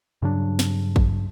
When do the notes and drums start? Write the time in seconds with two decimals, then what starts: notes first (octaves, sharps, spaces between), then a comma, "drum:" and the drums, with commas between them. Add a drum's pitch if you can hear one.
0.22 G2 C#3 F#3 D4
0.59 drum: snare
0.96 drum: kick A1